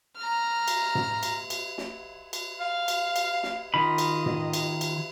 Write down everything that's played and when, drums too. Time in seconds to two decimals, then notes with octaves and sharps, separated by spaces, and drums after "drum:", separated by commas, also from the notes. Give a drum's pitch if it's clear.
0.17 A#5 F6
0.68 drum: cymbal
0.95 drum: tom
1.23 drum: cymbal
1.50 drum: cymbal
1.78 drum: snare
2.33 drum: cymbal
2.61 F5
2.88 drum: cymbal
3.16 drum: cymbal
3.43 drum: snare
3.74 D#3 F4 D#5 B5
3.98 drum: cymbal
4.26 drum: tom
4.53 drum: cymbal
4.81 drum: cymbal